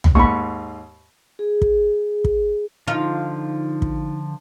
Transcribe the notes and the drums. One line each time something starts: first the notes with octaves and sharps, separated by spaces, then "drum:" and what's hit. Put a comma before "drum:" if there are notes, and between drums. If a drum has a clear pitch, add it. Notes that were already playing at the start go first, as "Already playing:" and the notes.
drum: tom
D#2 G#2 B5 C#6
G#4
drum: kick
drum: kick
D3 F3 D#4 F4
drum: kick